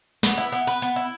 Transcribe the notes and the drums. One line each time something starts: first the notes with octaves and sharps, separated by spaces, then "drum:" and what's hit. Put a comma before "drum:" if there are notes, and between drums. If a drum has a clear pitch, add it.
B3, drum: snare
E4
B3
B4
B3
E4